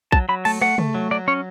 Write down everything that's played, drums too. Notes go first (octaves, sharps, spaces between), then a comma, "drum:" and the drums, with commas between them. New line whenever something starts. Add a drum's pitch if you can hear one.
F#3 A5, drum: kick
F#3 B5
A3 A5, drum: cymbal
A3 F#5, drum: rim click
A3, drum: tom
F#3
F#3 D5
C#4 C#5